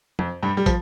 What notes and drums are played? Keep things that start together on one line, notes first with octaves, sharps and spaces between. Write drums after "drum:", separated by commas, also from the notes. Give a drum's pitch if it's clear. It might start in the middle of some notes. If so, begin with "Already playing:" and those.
F2 F3, drum: tom
G2 G3
G3
F3, drum: kick, hi-hat